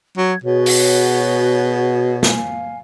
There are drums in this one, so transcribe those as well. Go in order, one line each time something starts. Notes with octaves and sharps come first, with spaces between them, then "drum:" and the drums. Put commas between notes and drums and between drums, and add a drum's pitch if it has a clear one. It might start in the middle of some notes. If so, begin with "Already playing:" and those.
F#3 G#6
B2 F#4 G#4 C#5
drum: open hi-hat
F5 G#5, drum: snare